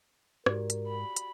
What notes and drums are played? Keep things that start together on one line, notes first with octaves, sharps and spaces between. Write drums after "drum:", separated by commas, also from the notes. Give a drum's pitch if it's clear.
G#2 F#4 G4 A#4 D5, drum: rim click
drum: hi-hat
B5
drum: hi-hat